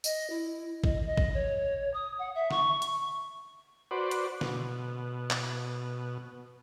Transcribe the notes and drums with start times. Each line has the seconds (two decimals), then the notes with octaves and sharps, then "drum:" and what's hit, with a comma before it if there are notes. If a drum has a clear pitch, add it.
0.04 D#5, drum: tambourine
0.29 E4
0.84 D#5, drum: kick
1.06 D#5
1.17 drum: kick
1.34 C#5
1.93 D#6
2.19 F#5
2.35 E5
2.51 C#6, drum: snare
2.82 drum: hi-hat
3.91 F#4 B4 C5 D5
4.11 drum: hi-hat
4.41 B2, drum: snare
5.30 drum: clap